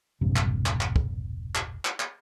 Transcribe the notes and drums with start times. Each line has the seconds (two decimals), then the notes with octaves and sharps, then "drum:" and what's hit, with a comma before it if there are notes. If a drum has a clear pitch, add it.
0.21 E1 A#1 G2 C3
0.36 drum: clap
0.66 drum: clap
0.81 drum: clap
0.96 drum: kick
1.55 drum: clap
1.85 drum: clap
2.00 drum: clap